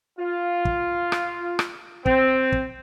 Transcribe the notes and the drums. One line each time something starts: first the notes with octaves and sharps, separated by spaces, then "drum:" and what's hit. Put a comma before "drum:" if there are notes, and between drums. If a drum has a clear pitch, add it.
F4
drum: kick
drum: rim click
drum: rim click
C4, drum: kick
drum: kick